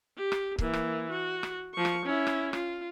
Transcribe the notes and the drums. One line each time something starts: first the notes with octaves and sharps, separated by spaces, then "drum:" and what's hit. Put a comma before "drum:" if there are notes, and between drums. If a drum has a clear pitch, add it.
G4
drum: rim click
E3 A#3, drum: kick C#1
drum: rim click
F#4
drum: rim click
F3 C#6
drum: rim click
C#4 E4
drum: rim click
F4, drum: rim click